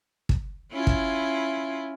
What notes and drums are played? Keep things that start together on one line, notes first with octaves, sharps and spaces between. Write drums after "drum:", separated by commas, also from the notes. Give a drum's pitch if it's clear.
drum: kick
C#4 E4 F4
drum: kick